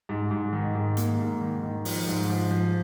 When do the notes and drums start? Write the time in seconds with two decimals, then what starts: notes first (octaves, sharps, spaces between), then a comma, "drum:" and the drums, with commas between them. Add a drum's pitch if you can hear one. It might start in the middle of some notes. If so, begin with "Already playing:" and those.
0.09 G#2
0.31 G#2
0.53 D#3
0.75 G#2
0.97 A#3, drum: hi-hat
1.19 G#2
1.41 D#3
1.63 D#3
1.85 F3, drum: open hi-hat
2.07 G#2
2.29 F3
2.51 F3